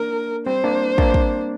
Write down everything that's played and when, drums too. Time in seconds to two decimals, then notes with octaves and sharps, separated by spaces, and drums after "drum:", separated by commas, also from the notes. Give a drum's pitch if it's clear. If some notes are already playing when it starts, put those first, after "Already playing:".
Already playing: A#3 D4 A#4
0.46 G3 C4 C5
0.64 A#3 D4
0.98 A#3 D4, drum: kick
1.14 drum: kick